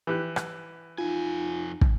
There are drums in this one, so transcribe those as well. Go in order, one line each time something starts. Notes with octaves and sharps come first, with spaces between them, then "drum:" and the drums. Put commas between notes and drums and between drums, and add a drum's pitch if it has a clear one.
E3 G4 F#6
drum: rim click
F2 D#4 F4 G#5
drum: kick